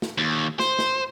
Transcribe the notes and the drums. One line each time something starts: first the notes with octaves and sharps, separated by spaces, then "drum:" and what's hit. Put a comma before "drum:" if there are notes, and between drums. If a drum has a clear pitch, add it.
drum: snare
D#2
C5, drum: snare
drum: snare